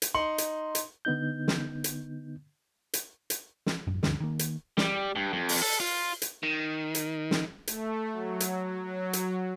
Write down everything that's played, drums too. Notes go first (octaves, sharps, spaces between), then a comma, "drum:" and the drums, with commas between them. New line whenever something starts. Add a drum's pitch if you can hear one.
drum: hi-hat
D#4 C6 C#7 F#7
drum: hi-hat
drum: hi-hat
D3 B3 D#4 G6
drum: snare
drum: hi-hat
drum: hi-hat
drum: hi-hat
drum: snare
A1 F#2
D2 G2 D3, drum: snare
D#3 A#3
drum: hi-hat
G3, drum: snare
G2
F2
drum: open hi-hat
A4
F4
drum: hi-hat
D#3
drum: hi-hat
drum: snare
A3, drum: hi-hat
F#3
drum: hi-hat
F#3
drum: hi-hat